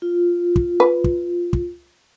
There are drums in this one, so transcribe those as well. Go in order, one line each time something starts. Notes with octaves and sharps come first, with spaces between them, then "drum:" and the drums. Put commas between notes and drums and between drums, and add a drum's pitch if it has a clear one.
F4
drum: kick
B4
drum: kick
drum: kick